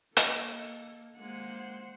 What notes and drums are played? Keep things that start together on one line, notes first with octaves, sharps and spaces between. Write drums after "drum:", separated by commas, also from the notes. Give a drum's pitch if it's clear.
A#3 A4 D#5, drum: hi-hat
G#3 A#3 C5 F#5